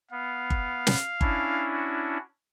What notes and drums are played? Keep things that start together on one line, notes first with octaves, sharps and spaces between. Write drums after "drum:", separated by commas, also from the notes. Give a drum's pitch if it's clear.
B3 F5
drum: kick G1
drum: snare
C#4 D4 E4, drum: kick G1
F#4